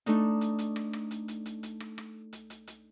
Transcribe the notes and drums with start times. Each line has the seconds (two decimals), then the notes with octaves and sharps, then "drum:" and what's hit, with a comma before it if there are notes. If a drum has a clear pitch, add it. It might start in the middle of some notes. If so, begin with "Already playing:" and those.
0.06 A3 D4 D#4, drum: hi-hat
0.41 drum: hi-hat
0.59 drum: hi-hat
0.76 drum: rim click
0.93 drum: rim click
1.11 drum: hi-hat
1.28 drum: hi-hat
1.46 drum: hi-hat
1.63 drum: hi-hat
1.80 drum: rim click
1.98 drum: rim click
2.33 drum: hi-hat
2.50 drum: hi-hat
2.67 drum: hi-hat